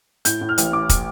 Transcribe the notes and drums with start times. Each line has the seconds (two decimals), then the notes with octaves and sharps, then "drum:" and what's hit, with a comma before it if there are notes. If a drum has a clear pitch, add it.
0.25 A2 G6, drum: hi-hat
0.41 A2
0.49 F6
0.58 A1, drum: hi-hat
0.73 A2 D6
0.89 drum: kick, hi-hat